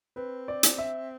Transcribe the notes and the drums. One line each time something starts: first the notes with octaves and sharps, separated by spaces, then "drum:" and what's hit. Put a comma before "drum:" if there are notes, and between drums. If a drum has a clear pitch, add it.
C4 B4
D5
drum: hi-hat
E5